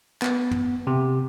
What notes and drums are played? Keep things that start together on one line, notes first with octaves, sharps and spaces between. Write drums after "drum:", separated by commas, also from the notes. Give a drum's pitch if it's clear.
B3, drum: clap
drum: tom
C3